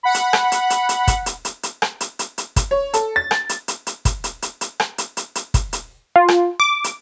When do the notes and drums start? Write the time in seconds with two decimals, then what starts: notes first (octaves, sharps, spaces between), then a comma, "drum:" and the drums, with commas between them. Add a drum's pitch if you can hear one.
0.03 F#5 B5
0.14 drum: hi-hat
0.33 drum: rim click
0.52 drum: hi-hat
0.70 drum: hi-hat
0.89 drum: hi-hat
1.07 drum: kick, hi-hat
1.26 drum: hi-hat
1.45 drum: hi-hat
1.63 drum: hi-hat
1.82 drum: rim click
2.01 drum: hi-hat
2.19 drum: hi-hat
2.38 drum: hi-hat
2.56 drum: kick, hi-hat
2.71 C#5
2.94 A4, drum: hi-hat
3.16 A6
3.31 drum: rim click
3.49 drum: hi-hat
3.68 drum: hi-hat
3.87 drum: hi-hat
4.05 drum: kick, hi-hat
4.24 drum: hi-hat
4.42 drum: hi-hat
4.61 drum: hi-hat
4.80 drum: rim click
4.98 drum: hi-hat
5.17 drum: hi-hat
5.35 drum: hi-hat
5.54 drum: kick, hi-hat
5.73 drum: hi-hat
6.16 F4
6.28 drum: rim click
6.60 D6
6.84 drum: hi-hat